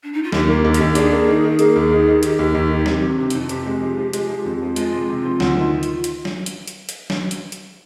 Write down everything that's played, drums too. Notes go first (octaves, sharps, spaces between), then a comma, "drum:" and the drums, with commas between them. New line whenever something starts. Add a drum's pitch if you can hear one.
D4
D#4
F4
D#2 G4, drum: snare
A#3
D#2
G4, drum: hi-hat
D#2
D4 G#4, drum: hi-hat
A#3
D#3
D#3
A#3, drum: hi-hat
D#2
D#3
D#3
D#3 G4, drum: hi-hat
D#2
D#2
D#3
C3, drum: snare
C3
C3 D4
F2 D#4, drum: hi-hat
F4
C3 G4, drum: hi-hat
G#3
F3
F3
G#3, drum: hi-hat
F3
F2
F3
G#3 F4, drum: hi-hat
C3
C3
F3
D2, drum: snare
D#3
drum: hi-hat
drum: hi-hat
drum: snare
drum: hi-hat
drum: hi-hat
drum: hi-hat
drum: snare
drum: hi-hat
drum: hi-hat